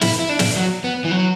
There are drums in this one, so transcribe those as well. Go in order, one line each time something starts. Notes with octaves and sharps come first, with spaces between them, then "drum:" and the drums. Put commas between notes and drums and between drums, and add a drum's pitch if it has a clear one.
E4, drum: snare
E4
D4
drum: snare
F#3
B3
E3
F#3